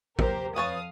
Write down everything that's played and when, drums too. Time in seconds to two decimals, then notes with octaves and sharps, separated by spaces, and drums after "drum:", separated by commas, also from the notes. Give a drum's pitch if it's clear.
0.19 G4 A#4 C5, drum: kick
0.56 F2 B4 C#5 F5 A5 D#6